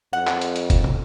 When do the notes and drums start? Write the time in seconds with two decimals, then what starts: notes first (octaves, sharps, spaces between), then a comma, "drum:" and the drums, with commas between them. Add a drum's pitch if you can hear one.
0.13 F2 F#5
0.27 drum: clap
0.41 drum: hi-hat
0.56 drum: hi-hat
0.70 drum: kick, hi-hat
0.84 drum: tom